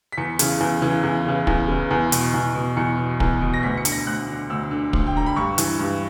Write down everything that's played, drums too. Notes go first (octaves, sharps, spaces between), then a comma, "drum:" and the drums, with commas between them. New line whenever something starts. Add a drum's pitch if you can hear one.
B6
E2 C#7
C#3 E3, drum: hi-hat
E2
C#3 E3
E2
C#3 E3
E2, drum: kick
C#3 E3
E2
B2, drum: hi-hat
E2
B2
E2 C#7
B2
E2, drum: kick
B2
A#6
D2 B6
C#7
D3, drum: hi-hat
A#6
D2 F#6
D3
D2 E6
D3
D2, drum: kick
G5
D3 A#5
B5
G2 C#6
E3, drum: hi-hat
G2